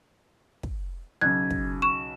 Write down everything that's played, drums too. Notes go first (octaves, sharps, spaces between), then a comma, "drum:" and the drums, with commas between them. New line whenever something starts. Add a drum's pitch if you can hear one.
drum: kick
B1 C#3 F#6 G#6
drum: kick
C#6 E7